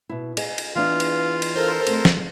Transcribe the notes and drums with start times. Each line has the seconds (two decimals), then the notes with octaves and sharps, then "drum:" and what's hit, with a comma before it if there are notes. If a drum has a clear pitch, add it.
0.09 B2 E4
0.37 G#4 D#5, drum: cymbal
0.58 drum: cymbal
0.75 E3 B3 D4 F4 F5
1.00 drum: cymbal
1.42 drum: cymbal
1.56 A4 A#4 C5
1.87 A3 C4, drum: cymbal
2.05 drum: snare